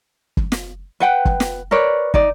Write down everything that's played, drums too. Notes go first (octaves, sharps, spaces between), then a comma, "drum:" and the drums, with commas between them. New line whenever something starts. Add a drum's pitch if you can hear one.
drum: kick
drum: snare
B4 F#5 G5
drum: kick
drum: snare
A#4 B4 C#5 D5
D#4 D5, drum: kick